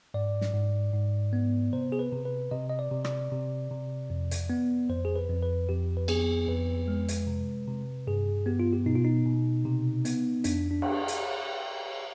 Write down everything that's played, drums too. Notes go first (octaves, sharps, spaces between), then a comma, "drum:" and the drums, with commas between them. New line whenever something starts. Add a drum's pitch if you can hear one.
G#2 D5
drum: snare
G#2
G#2
B3
C3 C5
G#4
B4
C3
B4
C3 D#5
D#5
D5
C3
D5, drum: rim click
C3
C3
F2
drum: hi-hat
B3
F2 C5
G#4
B4
F2
B4
F2 G4
B4
B3 G#4, drum: cymbal
F2 B4
G#3
drum: hi-hat
C3
C3
G2 G#4
B3 G4
F4
G4
B2 D#4
F4
D#4
B2
C3
B3, drum: hi-hat
F2 D4, drum: hi-hat
D4
drum: cymbal
drum: hi-hat